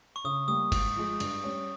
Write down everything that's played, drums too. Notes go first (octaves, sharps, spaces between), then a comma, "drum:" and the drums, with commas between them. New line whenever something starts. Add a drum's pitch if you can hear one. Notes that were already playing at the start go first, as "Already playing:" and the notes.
C#6
C#3 D#6
G3 A#3 D#6
G#2, drum: kick, cymbal
F3 G#3
G2, drum: cymbal
G3 C#4